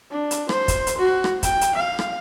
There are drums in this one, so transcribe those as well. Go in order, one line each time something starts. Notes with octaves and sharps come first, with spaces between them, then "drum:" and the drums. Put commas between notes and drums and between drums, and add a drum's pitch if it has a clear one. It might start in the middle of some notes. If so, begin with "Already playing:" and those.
D4
drum: hi-hat
C5, drum: rim click
drum: kick, hi-hat
drum: hi-hat
F#4
drum: rim click
G5, drum: kick, hi-hat
drum: hi-hat
F5
drum: rim click